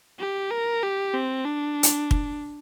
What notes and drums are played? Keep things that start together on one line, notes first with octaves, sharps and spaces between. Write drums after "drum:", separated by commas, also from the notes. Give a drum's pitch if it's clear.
G4
A#4
G4
C4
D4
drum: hi-hat
drum: kick